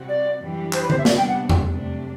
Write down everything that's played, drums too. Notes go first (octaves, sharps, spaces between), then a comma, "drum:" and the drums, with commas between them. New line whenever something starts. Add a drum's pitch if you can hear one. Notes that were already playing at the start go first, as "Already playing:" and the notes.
Already playing: C3 G3 C4 F#4
D5
F#2 E3 G3 D4 G4
C5, drum: clap
B4
C5, drum: tom D3
E5
C3 G3 B3 D4 D5, drum: snare
G5
F#5
drum: tom E2
C3 F#3 A3 D4